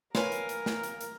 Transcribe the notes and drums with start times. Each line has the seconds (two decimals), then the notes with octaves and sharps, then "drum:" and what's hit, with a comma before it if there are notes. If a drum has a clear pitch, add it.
0.15 A#4 B4 C#5 F5 G#5 C6, drum: snare
0.32 drum: hi-hat
0.49 drum: hi-hat
0.66 drum: snare
0.83 drum: hi-hat
1.01 drum: hi-hat